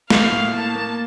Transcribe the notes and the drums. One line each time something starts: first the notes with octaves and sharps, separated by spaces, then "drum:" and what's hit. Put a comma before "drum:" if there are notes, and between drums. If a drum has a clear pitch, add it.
A#3 F5, drum: snare
A2
A#3 A5
A#3